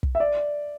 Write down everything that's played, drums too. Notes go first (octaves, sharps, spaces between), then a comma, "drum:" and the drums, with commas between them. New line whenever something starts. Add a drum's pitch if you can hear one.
drum: kick
E5
D5